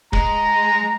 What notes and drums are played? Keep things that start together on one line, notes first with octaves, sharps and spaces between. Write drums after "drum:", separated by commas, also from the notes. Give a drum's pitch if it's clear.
G#3 A#5, drum: kick